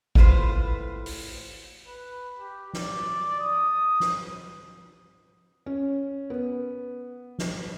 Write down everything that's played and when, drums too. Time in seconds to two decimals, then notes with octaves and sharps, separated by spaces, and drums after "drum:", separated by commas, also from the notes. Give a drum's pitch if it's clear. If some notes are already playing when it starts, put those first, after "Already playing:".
0.15 E2 A2 F4 B4 C5, drum: kick G#1
1.06 drum: open hi-hat
1.88 B4
2.38 G4
2.73 D5, drum: snare
3.40 D#6
4.00 drum: snare
5.66 C#4
6.30 B3
7.39 drum: snare